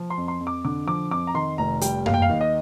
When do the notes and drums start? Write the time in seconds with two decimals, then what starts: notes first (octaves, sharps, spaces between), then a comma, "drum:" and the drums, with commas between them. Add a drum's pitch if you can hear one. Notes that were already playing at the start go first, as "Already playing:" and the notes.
Already playing: F3
0.10 C6
0.17 F2
0.28 C6
0.40 F2
0.47 D6
0.65 D3 D6
0.87 F3 D6
1.11 F2 D6
1.27 A#5
1.34 D#3 C6
1.58 F1 A#5
1.81 G3 G5, drum: hi-hat
2.06 D#2 F5, drum: tom F#2
2.14 G5
2.22 F5
2.30 D#3
2.41 D#5